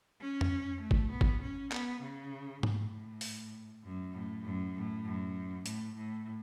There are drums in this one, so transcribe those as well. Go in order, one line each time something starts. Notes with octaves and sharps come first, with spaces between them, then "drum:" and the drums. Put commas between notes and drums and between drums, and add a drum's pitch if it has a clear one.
C#4
drum: tom F2
A3
drum: kick
B3
drum: kick
C#4
B3, drum: clap
C#3
A2, drum: tom G#2
drum: open hi-hat
F#2
A2
F#2
A2
F#2
A2, drum: hi-hat
A2